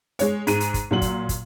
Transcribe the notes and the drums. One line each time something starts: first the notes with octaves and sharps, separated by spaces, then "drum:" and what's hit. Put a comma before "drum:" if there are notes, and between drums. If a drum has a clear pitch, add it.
G#3 C#5, drum: hi-hat
G#2 G#3 D#7, drum: hi-hat
drum: hi-hat
drum: kick, hi-hat
A#2 F#3 F#7
drum: kick, hi-hat
drum: kick, hi-hat